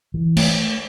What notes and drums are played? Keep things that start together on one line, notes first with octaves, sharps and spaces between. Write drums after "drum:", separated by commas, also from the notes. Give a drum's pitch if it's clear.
E3
A3, drum: cymbal